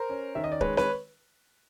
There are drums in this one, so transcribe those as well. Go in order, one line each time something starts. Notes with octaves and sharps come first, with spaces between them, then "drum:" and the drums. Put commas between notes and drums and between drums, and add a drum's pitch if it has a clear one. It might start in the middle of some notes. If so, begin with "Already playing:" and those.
Already playing: A#4 C5
C#4
D#3 E5
D#5
D5
G#3 B4 C#5, drum: kick
B4 C#5, drum: snare C4